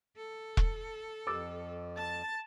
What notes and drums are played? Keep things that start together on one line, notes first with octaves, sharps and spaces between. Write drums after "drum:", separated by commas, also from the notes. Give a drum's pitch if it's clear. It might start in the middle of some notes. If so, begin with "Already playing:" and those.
A4
drum: kick E1
F2 D6 E6 A6
A5